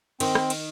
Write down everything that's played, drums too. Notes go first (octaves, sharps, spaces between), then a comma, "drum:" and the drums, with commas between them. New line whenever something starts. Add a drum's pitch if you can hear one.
D#3 C4, drum: cymbal
drum: rim click
drum: cymbal